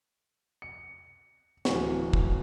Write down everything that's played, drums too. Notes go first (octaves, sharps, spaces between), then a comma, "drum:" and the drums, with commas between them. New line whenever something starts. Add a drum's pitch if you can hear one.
C#7
D1 E3 C#6, drum: snare
drum: kick